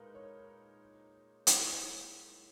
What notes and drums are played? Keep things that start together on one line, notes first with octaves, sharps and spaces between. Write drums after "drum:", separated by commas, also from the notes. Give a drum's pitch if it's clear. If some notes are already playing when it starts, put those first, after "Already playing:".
Already playing: A#2 G#3 D#4 A#4 B4
C#5
E4, drum: hi-hat